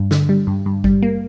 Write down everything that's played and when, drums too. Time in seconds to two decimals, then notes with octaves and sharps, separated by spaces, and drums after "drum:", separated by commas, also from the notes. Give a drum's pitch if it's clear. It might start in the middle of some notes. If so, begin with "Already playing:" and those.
Already playing: G2
0.11 D3, drum: snare
0.29 G3
0.47 G2
0.66 G2
0.84 G3, drum: kick G#1
1.02 A#3